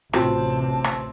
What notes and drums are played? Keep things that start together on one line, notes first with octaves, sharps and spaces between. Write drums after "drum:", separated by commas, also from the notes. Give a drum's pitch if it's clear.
A1 D2 C3 C4 F4 F#4 G5 A5, drum: rim click
drum: rim click